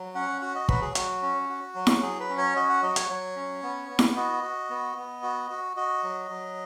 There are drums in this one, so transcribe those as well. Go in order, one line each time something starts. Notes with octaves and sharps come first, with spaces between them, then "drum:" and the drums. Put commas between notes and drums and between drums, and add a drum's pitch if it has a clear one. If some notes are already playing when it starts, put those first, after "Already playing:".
Already playing: F#3
C#4 F#5
F#4 F#5
D#5
F#3 B4, drum: kick
G#4
F#3 F#4, drum: hi-hat
C#4
F#4
F#3
drum: snare E4
F#3 G#4
B4
C#4
C#5
F#4 D#5
F#5
F#3 D#5
C#5, drum: hi-hat
F#3 C#5
C#4
B3
B3
drum: snare E4
F#4 D#5
F#4
B3
B3
F#4
F#4
F#4 D#5
F#3
F#3